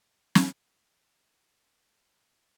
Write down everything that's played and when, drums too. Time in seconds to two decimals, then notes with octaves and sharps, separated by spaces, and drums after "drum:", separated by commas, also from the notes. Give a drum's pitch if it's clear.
0.35 drum: snare
1.02 G#4 A#4 B4 D#5 F5